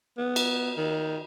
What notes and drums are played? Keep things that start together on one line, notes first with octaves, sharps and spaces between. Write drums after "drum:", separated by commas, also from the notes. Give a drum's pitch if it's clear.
B3
drum: cymbal
D#3